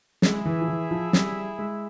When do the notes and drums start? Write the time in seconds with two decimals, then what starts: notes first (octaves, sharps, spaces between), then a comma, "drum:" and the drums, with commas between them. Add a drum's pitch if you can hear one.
0.22 G#3 E4 G#4 E5, drum: snare
0.45 E3
0.61 F3
0.68 E3
0.91 F3
1.13 G3, drum: snare
1.59 G#3